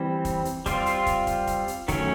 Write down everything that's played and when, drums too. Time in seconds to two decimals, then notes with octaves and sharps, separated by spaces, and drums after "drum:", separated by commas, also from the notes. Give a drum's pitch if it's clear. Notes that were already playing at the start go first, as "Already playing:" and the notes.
Already playing: E3 G3 C4
0.25 drum: kick, hi-hat
0.45 drum: hi-hat
0.66 G3 C4 F4, drum: kick, hi-hat
0.86 drum: hi-hat
1.06 drum: kick, hi-hat
1.27 drum: kick, hi-hat
1.47 drum: kick, hi-hat
1.68 drum: hi-hat
1.88 D#3 F#3 A3 C#4, drum: kick, hi-hat